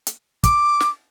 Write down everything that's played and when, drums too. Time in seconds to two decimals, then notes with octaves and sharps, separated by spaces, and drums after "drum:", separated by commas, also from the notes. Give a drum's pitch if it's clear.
0.07 drum: hi-hat
0.44 D6, drum: kick, hi-hat
0.80 drum: snare